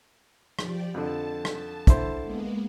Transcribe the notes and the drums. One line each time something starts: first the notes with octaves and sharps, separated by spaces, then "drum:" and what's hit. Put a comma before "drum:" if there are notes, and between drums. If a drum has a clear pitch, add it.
F3 G4 D5, drum: rim click
F2 D3 A5
drum: rim click
D3 E4 C5, drum: kick, hi-hat
G#3 A#3 B3